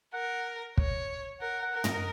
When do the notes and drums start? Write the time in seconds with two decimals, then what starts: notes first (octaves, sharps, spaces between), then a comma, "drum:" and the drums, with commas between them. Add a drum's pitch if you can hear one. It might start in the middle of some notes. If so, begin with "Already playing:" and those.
0.14 A#4 F#5
0.77 C#5, drum: kick
1.41 A#4 F#5
1.62 F#5
1.73 A#4 F#5
1.84 D#5, drum: tom